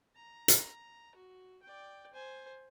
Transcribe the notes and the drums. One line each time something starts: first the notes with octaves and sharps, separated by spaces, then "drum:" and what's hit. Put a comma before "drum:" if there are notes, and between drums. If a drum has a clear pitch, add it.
A#5
drum: hi-hat
F#4
D5 G5
C5 G#5